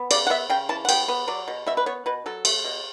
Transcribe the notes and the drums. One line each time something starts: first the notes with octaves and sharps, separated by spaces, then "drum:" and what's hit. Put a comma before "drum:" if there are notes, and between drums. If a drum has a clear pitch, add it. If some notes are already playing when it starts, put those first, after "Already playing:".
Already playing: B3
C#3 D5, drum: cymbal
F#5
B3 E5
C#3 G5
E3 A5
F#5
B3 G5, drum: cymbal
B3
F#3 D5
B2
B2 E5
B4
B3 C#5
B2 B4
F#3 A4
A3, drum: cymbal
B2